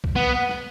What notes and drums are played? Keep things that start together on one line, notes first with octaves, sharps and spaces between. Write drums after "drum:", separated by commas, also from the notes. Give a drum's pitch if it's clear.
drum: kick B1
B3
drum: snare